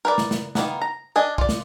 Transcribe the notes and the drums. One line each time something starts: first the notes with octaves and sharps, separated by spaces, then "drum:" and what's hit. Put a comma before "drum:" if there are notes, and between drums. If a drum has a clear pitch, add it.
A#4 B4 D5
drum: snare
drum: snare
D#3 G3 A#3 B3, drum: snare
A#5
D4 D#5 G#5
F4 D5, drum: kick
drum: snare